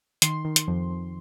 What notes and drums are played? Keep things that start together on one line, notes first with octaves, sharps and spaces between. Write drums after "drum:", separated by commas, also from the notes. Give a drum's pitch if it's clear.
D#3 C6, drum: hi-hat
D#3
drum: hi-hat
F2
F2